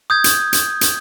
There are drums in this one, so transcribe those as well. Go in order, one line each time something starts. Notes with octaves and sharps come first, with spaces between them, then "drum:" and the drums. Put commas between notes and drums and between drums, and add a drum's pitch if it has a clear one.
D#6 G6 G#6
drum: hi-hat
drum: hi-hat
drum: hi-hat